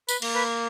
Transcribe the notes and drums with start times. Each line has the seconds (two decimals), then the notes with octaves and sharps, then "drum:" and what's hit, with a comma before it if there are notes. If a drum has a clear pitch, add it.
0.09 B4 B5, drum: tambourine
0.22 A#3, drum: cymbal
0.35 B4 B5